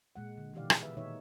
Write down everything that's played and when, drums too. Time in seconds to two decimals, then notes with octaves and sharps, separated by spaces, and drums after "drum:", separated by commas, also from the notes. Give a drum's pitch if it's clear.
0.16 A#2 G#3 F#5
0.38 D3
0.54 B2 D#3 E3 G4 D5 F5
0.70 G#4, drum: rim click
0.82 B4 E5
0.97 A#2 D#3 D#4 C#5 E5